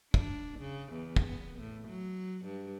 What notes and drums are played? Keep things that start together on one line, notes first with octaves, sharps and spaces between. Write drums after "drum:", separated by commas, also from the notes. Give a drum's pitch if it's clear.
D4, drum: kick
C#3
E2
drum: kick
B3
A2
F#3
G2